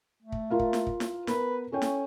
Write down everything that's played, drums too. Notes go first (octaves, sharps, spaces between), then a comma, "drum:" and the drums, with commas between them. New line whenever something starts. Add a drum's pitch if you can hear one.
A3
drum: kick
F4 A#4 F5
drum: kick
drum: snare
drum: kick
drum: snare
B3 A#4 B4, drum: snare
C#4 A4 C#5 G5
drum: snare